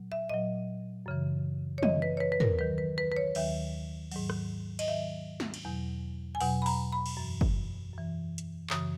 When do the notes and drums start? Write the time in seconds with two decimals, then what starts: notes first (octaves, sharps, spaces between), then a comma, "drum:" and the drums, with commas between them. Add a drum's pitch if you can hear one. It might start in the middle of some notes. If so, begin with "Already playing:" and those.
Already playing: A#2 F#3
0.12 E5
0.29 A#2 F#3 D#5
1.06 F#2 C#3 E3
1.78 C#5
1.83 F#2 C#3 E3 D#5, drum: tom
2.02 B4
2.17 C#5
2.20 B4
2.32 B4
2.40 A#4, drum: tom
2.59 D#2 D#3 F#3 B4
2.78 B4
2.98 B4
3.12 B4
3.17 C#5
3.35 D#2 D#3 F#3 E5, drum: cymbal
4.11 G#2 D#3 F#3, drum: cymbal
4.30 drum: rim click
4.79 D#5, drum: cymbal
4.88 G#2 D#3 F#3 E5
5.40 drum: snare
5.54 drum: cymbal
5.65 E2 B2 F#3
6.35 G#5
6.41 E2 B2 F#3 F#5, drum: open hi-hat
6.62 B5
6.66 A#5, drum: open hi-hat
6.92 B5
7.06 drum: cymbal
7.17 F#2 E3
7.41 drum: kick
7.94 F#2 E3
8.38 drum: hi-hat
8.70 F#2 C#3 E3 D#6, drum: clap